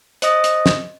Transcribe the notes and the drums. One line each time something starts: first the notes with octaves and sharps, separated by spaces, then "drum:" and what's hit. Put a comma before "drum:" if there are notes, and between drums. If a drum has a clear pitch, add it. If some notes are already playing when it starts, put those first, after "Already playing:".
C5 D#5 D#6 A#6, drum: hi-hat
drum: hi-hat
drum: snare